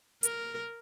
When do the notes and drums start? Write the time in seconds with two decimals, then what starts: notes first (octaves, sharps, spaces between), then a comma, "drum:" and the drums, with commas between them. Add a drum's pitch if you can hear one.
0.23 A#4, drum: hi-hat